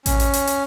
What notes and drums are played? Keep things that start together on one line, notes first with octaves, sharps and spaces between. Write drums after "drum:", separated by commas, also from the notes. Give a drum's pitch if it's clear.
C#4, drum: kick A1, hi-hat
drum: hi-hat
drum: hi-hat
drum: hi-hat